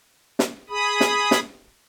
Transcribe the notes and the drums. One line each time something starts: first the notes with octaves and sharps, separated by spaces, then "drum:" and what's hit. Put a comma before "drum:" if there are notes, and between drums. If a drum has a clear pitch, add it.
drum: snare
G#4 B5 D#6
drum: snare
drum: snare